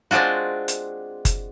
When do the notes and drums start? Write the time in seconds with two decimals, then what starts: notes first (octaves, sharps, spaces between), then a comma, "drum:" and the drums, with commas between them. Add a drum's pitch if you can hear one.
0.11 G#3 C4 D4 F4 F#4
0.68 drum: hi-hat
1.25 drum: kick F#1, hi-hat